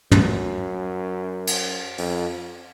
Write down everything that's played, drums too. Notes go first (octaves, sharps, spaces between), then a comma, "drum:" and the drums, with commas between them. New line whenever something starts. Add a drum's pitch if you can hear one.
F#2, drum: tom
drum: cymbal
F2, drum: open hi-hat